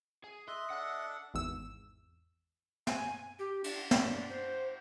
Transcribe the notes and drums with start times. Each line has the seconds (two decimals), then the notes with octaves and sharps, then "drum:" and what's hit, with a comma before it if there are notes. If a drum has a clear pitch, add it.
0.24 G#4
0.48 D#5 E5 C6 F#6
0.70 D4 A4 F#5
1.34 G#1 E2 E6
2.87 G#5, drum: snare
3.39 G4
3.64 D4, drum: cymbal
3.91 D4, drum: snare
4.29 C5